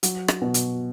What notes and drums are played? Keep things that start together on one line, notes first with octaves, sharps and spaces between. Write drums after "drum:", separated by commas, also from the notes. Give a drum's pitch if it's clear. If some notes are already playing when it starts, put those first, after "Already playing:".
F#3, drum: hi-hat
drum: rim click
B2
drum: hi-hat